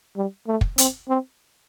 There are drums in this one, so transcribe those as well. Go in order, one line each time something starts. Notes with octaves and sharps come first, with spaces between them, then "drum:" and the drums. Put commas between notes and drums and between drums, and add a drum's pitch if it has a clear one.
G3
A3
drum: kick
C4, drum: hi-hat
C4